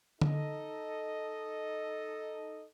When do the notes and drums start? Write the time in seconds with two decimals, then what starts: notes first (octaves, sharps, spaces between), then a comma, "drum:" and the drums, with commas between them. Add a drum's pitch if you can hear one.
0.21 D#4 A4 D#5, drum: tom D3